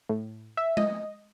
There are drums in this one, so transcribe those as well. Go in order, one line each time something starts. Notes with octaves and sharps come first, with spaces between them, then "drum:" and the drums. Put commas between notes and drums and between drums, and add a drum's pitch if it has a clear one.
A2
E5
D#5, drum: tom G#3